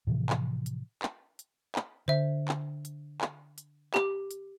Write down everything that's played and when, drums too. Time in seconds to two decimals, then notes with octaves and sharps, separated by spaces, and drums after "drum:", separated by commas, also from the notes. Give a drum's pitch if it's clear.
0.07 A2 C3 E3 F3
0.30 drum: clap
0.66 drum: hi-hat
1.03 drum: clap
1.39 drum: hi-hat
1.75 drum: clap
2.08 D3 C5 E5
2.48 drum: clap
2.85 drum: hi-hat
3.21 drum: clap
3.58 drum: hi-hat
3.94 G4 D6, drum: clap
4.31 drum: hi-hat